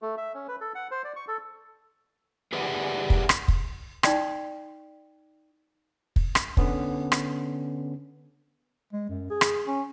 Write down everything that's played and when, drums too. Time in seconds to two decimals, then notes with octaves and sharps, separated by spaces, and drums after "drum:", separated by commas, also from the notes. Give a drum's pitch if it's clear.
0.02 A3
0.18 E5
0.34 C#4
0.48 B4
0.61 A4
0.75 F#5
0.91 C5
1.04 D5
1.16 C#6
1.28 A4
2.53 G4 G#4 B4 D5 E5 F#5
3.10 drum: kick
3.29 drum: rim click
3.48 drum: kick
4.03 D#4 D5 G5, drum: rim click
6.16 drum: kick
6.35 drum: rim click
6.57 D3 B3 C#4, drum: kick
7.12 drum: rim click
8.93 G#3
9.09 F#2
9.30 G#4
9.41 drum: rim click
9.67 C#4